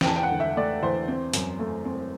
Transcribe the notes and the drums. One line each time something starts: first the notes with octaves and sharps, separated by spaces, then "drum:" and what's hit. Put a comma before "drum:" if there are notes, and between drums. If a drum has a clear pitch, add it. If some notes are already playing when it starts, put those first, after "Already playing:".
G5, drum: snare
E2 A5
G5
F#5
D3
E5
A3 D5
E2 C5
C4
F#2, drum: hi-hat
A3
C4